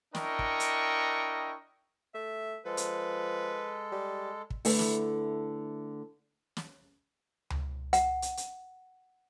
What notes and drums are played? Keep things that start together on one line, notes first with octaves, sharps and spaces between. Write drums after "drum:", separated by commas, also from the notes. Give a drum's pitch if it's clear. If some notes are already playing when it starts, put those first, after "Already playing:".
D4 E4 A#4 D#5 G5 C#6, drum: snare
drum: kick
drum: hi-hat
A3 E5
F3 G#3 A4 B4
drum: hi-hat
G3
drum: kick
D3 A3 E4 A4 B4, drum: open hi-hat
drum: snare
drum: snare
drum: tom C#2
F#5, drum: hi-hat
drum: hi-hat
drum: hi-hat